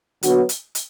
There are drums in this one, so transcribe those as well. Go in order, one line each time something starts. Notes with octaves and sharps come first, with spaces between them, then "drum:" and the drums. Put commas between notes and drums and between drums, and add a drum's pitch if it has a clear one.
D3 F#3 B3 F#4, drum: hi-hat
drum: hi-hat
drum: hi-hat